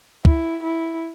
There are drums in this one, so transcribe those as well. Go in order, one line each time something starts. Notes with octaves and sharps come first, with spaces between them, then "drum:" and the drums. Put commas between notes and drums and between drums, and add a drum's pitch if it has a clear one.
E4, drum: kick
E4